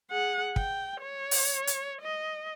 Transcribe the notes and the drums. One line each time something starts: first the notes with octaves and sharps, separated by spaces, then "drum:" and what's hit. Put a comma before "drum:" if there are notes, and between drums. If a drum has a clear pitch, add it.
G#4 F#5
G5, drum: kick
C#5
drum: open hi-hat
drum: hi-hat
D#5